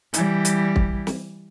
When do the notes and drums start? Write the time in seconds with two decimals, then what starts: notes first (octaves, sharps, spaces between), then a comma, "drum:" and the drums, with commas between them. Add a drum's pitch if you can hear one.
0.14 E3 G3, drum: hi-hat
0.45 drum: hi-hat
0.76 drum: kick
1.07 drum: snare